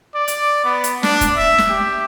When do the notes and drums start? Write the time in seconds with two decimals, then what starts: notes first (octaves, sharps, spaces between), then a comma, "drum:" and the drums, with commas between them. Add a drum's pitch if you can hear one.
0.15 D5
0.28 drum: hi-hat
0.65 B3
0.84 drum: hi-hat
1.03 D4, drum: snare
1.21 drum: kick, hi-hat
1.37 E5
1.58 drum: snare
1.70 G4